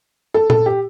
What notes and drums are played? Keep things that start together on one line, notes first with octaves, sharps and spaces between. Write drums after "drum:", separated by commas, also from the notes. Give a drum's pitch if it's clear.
A4
A4, drum: tom A#2
G4